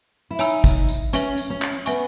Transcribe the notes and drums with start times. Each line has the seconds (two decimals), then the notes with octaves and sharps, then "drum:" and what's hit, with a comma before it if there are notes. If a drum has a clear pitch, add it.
0.31 E4
0.39 D#4 C#5 G#5 B5 E6, drum: tambourine
0.64 drum: kick, tambourine
0.88 drum: tambourine
1.13 C#4 B4 E5 G#5 C#6, drum: tambourine
1.37 drum: tambourine
1.50 C#4
1.62 drum: clap
1.86 B3 B4 E5 G#5 C#6, drum: tambourine